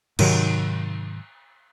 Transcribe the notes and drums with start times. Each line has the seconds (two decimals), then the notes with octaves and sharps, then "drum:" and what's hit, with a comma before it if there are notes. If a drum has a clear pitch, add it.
0.19 G#2 C3 D#3 F#3, drum: cymbal